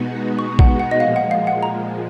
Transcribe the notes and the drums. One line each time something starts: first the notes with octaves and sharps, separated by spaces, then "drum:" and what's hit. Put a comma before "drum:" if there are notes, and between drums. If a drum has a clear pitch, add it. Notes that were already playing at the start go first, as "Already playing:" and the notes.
Already playing: B2 G#3 B3 D#4 F#4
C#6
F#5, drum: kick
F#5
D#5
A#2 F3 G#3 F5
F#5
F5
F#5
A#5